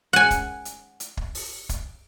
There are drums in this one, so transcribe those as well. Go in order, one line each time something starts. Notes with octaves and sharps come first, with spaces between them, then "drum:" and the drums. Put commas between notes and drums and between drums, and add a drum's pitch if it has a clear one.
F#5 G#5
drum: kick, hi-hat
drum: hi-hat
drum: hi-hat
drum: kick
drum: open hi-hat
drum: kick, hi-hat